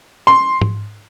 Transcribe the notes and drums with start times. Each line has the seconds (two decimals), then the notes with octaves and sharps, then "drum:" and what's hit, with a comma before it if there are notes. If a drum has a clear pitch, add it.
0.27 C6
0.61 drum: tom G#2